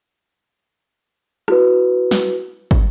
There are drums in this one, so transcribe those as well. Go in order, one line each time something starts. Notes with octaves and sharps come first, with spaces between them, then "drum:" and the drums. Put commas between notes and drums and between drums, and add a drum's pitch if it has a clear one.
E4 F#4 B4, drum: rim click
drum: snare
drum: kick